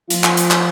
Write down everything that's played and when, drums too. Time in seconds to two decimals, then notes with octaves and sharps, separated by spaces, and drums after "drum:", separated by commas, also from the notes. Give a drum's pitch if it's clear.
0.10 F3 F4, drum: hi-hat
0.24 drum: clap
0.37 drum: hi-hat
0.51 drum: clap